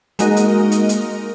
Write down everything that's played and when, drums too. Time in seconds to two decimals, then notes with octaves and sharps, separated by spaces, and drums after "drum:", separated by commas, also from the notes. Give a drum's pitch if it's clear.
0.19 G#3 A#3 D#4 F#4 A#4 D#5, drum: hi-hat
0.36 drum: hi-hat
0.72 drum: hi-hat
0.89 drum: hi-hat